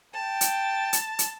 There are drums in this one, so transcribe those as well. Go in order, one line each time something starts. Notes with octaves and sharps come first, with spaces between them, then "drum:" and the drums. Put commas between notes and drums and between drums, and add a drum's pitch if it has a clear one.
G5 A5
drum: hi-hat
drum: hi-hat
drum: hi-hat